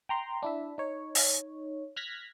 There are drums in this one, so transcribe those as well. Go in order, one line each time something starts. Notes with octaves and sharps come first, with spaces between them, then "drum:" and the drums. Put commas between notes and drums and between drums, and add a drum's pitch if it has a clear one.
G5 A#5 C6
D4 E4 E5
D#4 C#5
drum: open hi-hat
F6 F#6 G#6 A#6 B6